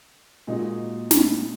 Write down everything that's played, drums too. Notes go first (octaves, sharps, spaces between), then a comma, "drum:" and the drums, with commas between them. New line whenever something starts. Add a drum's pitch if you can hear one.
A#2 G#3 D#4 F#4
drum: snare